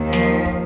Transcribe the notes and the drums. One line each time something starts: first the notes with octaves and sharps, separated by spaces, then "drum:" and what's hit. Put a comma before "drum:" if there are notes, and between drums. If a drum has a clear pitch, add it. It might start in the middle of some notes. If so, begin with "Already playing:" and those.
Already playing: D#2 D#3
F3, drum: snare
drum: kick